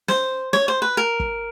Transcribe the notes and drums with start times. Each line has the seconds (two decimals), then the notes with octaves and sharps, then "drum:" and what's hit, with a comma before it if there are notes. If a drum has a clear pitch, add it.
0.08 C5, drum: snare
0.53 C#5, drum: snare
0.68 C5
0.82 B4
0.97 A#4
1.20 drum: kick